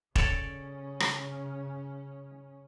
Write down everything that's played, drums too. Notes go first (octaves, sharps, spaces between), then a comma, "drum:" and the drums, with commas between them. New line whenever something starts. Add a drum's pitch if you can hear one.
C#3 C#4 A4 C#5 D5, drum: kick E1
drum: rim click